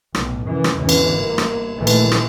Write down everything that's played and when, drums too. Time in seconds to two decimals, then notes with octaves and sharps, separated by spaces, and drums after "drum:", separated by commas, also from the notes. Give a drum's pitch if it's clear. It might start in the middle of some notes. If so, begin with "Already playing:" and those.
0.15 B1 A2, drum: rim click
0.46 F#2 C3 E3
0.64 drum: rim click
0.77 E2 G#2 D3 E3 C#4
0.89 drum: cymbal
1.13 G1 A#3
1.38 drum: rim click
1.77 A#1 D#3 E3 A3
1.87 drum: cymbal
2.12 drum: rim click